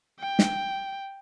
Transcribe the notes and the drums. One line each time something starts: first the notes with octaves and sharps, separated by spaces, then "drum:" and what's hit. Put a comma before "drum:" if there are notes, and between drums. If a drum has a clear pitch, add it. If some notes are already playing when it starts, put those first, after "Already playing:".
G5
drum: snare